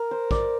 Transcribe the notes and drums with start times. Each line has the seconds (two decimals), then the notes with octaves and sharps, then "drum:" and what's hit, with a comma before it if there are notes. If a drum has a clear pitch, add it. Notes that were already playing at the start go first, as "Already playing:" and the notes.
Already playing: A#4
0.11 C5
0.31 D5, drum: kick